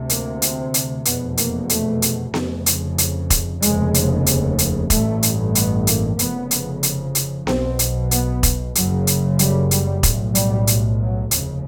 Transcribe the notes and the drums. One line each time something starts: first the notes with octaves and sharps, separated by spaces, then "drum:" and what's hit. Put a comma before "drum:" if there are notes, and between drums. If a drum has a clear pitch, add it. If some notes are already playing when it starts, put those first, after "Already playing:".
Already playing: D2 C3
A#3, drum: hi-hat
C4, drum: hi-hat
drum: hi-hat
F1 E2 B2 B3, drum: hi-hat
A#3, drum: hi-hat
A3, drum: hi-hat
drum: hi-hat
F1 F2 C#3, drum: snare B3
drum: hi-hat
drum: hi-hat
drum: kick E1, hi-hat
F1 D#2 C#3 G#3, drum: hi-hat
drum: hi-hat
drum: hi-hat
drum: hi-hat
A1 G2 A3, drum: kick E1, hi-hat
drum: hi-hat
B3, drum: hi-hat
A#3, drum: hi-hat
F1 F2 C#3 B3, drum: hi-hat
drum: hi-hat
drum: hi-hat
drum: hi-hat
B1 B2 C4, drum: snare B3
drum: hi-hat
B3, drum: hi-hat
drum: kick E1, hi-hat
F#1 F#2 C#3 F#3, drum: hi-hat
drum: hi-hat
G3, drum: hi-hat
G3, drum: hi-hat
B1 A2, drum: kick E1, hi-hat
G3, drum: hi-hat
drum: hi-hat
F#3
F1 D#2 C#3, drum: hi-hat